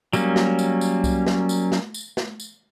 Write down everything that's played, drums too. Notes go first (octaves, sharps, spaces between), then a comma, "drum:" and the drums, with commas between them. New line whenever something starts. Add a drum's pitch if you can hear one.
F#3 G3 A#3 C#4, drum: tambourine
drum: snare
drum: tambourine
drum: tambourine
drum: kick C2, tambourine
drum: snare
drum: tambourine
drum: snare
drum: tambourine
drum: snare
drum: tambourine